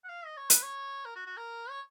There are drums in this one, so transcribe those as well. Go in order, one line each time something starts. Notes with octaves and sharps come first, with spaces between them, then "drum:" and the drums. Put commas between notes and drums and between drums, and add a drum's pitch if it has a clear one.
F#5
F5
D#5
C#5
B4, drum: hi-hat
C#5
A#4
F#4
F#4
A#4
C#5